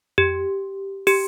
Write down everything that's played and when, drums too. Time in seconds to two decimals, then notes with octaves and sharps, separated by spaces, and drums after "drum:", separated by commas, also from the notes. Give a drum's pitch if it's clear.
0.18 G4, drum: tom F2
1.07 G4, drum: open hi-hat